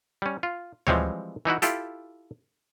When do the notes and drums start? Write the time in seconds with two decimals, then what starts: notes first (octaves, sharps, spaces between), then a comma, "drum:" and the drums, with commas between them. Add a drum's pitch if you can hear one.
0.22 G3 C#4
0.43 F4
0.87 E3 F3 G3 G#3 C4 C#5, drum: tom D2
1.45 E3 D#4 E4 F#4
1.62 E4 F4 G4 A4, drum: hi-hat